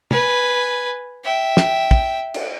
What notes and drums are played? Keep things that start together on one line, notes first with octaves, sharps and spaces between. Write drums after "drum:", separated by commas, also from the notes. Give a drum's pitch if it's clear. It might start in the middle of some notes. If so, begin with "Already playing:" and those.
B4 G#5, drum: tom
E5 G5
drum: snare
drum: kick
drum: cymbal